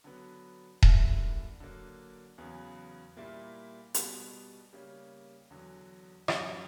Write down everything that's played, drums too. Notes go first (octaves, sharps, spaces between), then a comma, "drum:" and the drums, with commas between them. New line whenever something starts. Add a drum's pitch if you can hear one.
D3 F#3 B3
F#2 D3 G3 A#3 E4, drum: kick D#1
D3 F#3 A#3
E2 C#3 F#3 B3
A#2 G3 A#3 E4
B2 G3 B3, drum: hi-hat
C#3 G3 A#3 C#4
E2 D3 F#3
F#2 C#3 F#3 C#4 G4, drum: rim click